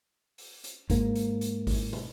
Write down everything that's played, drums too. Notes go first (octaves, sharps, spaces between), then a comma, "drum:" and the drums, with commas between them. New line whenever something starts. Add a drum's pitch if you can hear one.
drum: open hi-hat
drum: hi-hat
G#2 A#3, drum: kick G#1, hi-hat
drum: hi-hat
drum: hi-hat
drum: kick G#1, open hi-hat
drum: tom